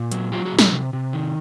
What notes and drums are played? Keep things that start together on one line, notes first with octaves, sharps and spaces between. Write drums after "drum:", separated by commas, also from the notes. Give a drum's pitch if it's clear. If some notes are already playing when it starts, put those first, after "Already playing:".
Already playing: A#2
F#3, drum: hi-hat
F#3 F4 G4
F#4 G#4
A#2
G4 A4, drum: snare
C3
C3
D#3